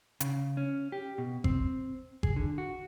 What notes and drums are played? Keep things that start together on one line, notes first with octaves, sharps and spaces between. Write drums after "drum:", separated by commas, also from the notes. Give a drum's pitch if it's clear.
C#3, drum: hi-hat
C#4
G4
B2
C4, drum: kick G#1
G#4, drum: kick G#1
D3
F#4